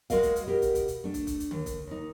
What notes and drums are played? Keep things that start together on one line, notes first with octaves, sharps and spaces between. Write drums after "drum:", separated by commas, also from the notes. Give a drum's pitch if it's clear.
G#3 F#4 A#4 D#5 F5, drum: kick, hi-hat
drum: kick, hi-hat
drum: hi-hat
B2 G4 A#4
drum: kick, hi-hat
drum: kick, hi-hat
drum: hi-hat
A3 D4
drum: kick, hi-hat
drum: kick, hi-hat
drum: hi-hat
D#2, drum: tom D3
drum: kick, hi-hat
D#2 D#4